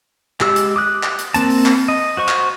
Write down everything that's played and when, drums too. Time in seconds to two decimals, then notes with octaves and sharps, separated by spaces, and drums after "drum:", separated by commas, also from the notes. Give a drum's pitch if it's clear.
0.40 G#3 G4 E6, drum: clap
0.56 drum: hi-hat
0.76 D6 D#6 F#6
1.03 drum: clap
1.19 drum: hi-hat
1.34 A#3 C4 A5, drum: hi-hat
1.50 drum: open hi-hat
1.66 drum: clap
1.88 D#5
2.17 F#4 C5 C#6
2.28 drum: clap